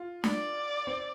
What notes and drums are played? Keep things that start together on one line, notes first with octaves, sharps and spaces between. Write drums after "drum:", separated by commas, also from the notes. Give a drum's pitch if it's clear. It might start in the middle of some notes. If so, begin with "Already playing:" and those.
Already playing: F4
D5, drum: snare
C4